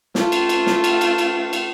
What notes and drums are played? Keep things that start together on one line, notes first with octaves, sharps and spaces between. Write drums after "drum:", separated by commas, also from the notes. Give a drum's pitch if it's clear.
A3 F4, drum: snare
drum: cymbal
drum: cymbal
drum: snare
drum: cymbal
drum: cymbal
drum: cymbal
drum: cymbal